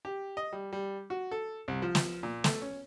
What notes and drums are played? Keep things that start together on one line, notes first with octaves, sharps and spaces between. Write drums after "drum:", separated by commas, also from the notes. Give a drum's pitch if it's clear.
G4
D#5
G3
G3
F#4
A4
C2
F3
drum: snare
A#2
A3, drum: snare
C#4